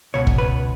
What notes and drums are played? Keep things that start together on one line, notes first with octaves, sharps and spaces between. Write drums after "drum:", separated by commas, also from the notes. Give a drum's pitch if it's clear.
C#2 B2 C#5
drum: kick
B4